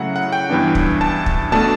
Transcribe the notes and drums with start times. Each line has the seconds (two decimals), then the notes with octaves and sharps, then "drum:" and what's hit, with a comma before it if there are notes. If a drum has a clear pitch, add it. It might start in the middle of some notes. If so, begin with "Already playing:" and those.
Already playing: C#3 F#3 A3 E4 F#5
0.16 F#5
0.32 G5
0.50 G2 E3 B3 D4
0.75 drum: kick
1.01 A5
1.26 drum: kick
1.52 B2 A3 D4 A5